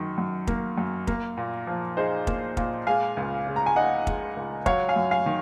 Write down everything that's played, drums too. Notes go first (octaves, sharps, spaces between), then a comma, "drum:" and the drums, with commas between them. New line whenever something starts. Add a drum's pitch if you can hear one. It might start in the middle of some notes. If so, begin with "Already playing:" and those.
Already playing: F#2 D#3
F#2
A#3, drum: kick
F#2
A#3, drum: kick
A#2
F3
D#4 G#4 C5
A#3, drum: kick
A#2, drum: kick
G#3 F5 G#5
C#2
C#3
A#5
G#5
D#4 D#5 F#5
G#3, drum: kick
C#2
F#3 C#5 F5, drum: kick
F5 G#5
F#2
F5 G#5
D#3